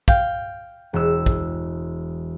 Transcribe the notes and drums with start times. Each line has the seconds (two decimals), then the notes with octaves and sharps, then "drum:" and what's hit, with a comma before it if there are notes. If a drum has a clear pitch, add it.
0.08 F5 G5, drum: kick
0.93 E1 E6
1.26 drum: kick